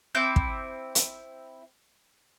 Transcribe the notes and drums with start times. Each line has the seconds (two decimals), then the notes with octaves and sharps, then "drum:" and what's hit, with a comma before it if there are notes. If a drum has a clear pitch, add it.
0.15 C4 E4 D6 G6
0.36 drum: kick
0.95 drum: hi-hat